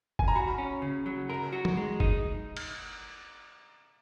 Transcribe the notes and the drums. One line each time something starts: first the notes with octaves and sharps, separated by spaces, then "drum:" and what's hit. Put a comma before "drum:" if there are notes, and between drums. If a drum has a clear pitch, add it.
G#5, drum: kick F#1
A#5
F#4 B5
C#4
C#3
F#3
A#4 A#5
F#4
drum: tom
G#3
D#4, drum: kick F#1
drum: cymbal